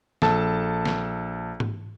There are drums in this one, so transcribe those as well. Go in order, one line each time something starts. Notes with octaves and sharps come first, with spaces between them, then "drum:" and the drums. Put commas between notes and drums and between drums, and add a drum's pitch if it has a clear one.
A#1 A4 A5, drum: snare
drum: snare
drum: tom G#2